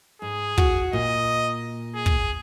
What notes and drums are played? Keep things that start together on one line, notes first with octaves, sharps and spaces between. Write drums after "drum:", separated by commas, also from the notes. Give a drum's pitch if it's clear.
G#2 G#4
F#4, drum: kick
A#2 D#5
G#4
drum: kick